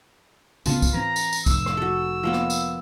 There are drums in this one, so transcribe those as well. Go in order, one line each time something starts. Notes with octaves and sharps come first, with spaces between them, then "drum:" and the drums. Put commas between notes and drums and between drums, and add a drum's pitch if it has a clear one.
D2 C#3 B3 F4 B4 A5, drum: tambourine
drum: kick, tambourine
E3 C4 A#5
drum: tambourine
drum: tambourine
F1 E6, drum: kick, tambourine
drum: rim click
F#4 A4
F3 A#3 B3
drum: rim click
drum: tambourine